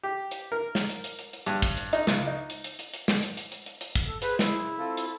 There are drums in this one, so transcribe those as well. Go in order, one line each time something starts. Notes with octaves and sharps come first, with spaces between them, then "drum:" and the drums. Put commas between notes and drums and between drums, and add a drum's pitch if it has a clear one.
G4
drum: hi-hat
A#4
drum: snare
drum: hi-hat
drum: hi-hat
drum: hi-hat
drum: hi-hat
G2, drum: hi-hat
drum: kick, hi-hat
drum: hi-hat
D#4, drum: hi-hat
C#2, drum: snare
D#4
drum: hi-hat
drum: hi-hat
drum: hi-hat
drum: hi-hat
drum: snare
drum: hi-hat
drum: hi-hat
drum: hi-hat
drum: hi-hat
drum: hi-hat
drum: kick
A4
G#4 B4 C5, drum: hi-hat
E4, drum: snare
C#3
C4 F4 A4
drum: hi-hat